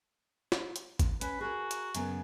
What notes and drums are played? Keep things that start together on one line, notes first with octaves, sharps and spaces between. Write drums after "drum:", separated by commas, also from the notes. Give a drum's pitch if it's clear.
drum: snare
drum: hi-hat
drum: kick A1, hi-hat
C#4 B4, drum: hi-hat
F#4 G#4 A#4
drum: hi-hat
F#2 C#3 B3, drum: hi-hat